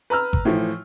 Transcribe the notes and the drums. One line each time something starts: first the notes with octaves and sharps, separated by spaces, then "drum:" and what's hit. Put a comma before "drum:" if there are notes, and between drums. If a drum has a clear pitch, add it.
B4 A#5 E6 F6
drum: kick G#1
A2 E3 F3